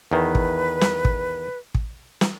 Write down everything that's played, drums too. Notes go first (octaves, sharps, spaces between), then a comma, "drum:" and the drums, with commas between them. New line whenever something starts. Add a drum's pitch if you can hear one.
E2 D#3 B4
drum: kick
drum: snare
drum: kick
drum: kick
drum: snare